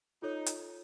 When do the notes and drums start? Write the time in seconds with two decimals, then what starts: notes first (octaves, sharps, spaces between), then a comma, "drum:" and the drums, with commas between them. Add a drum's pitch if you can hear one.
0.22 D#4 F4 A4 C#5
0.46 drum: hi-hat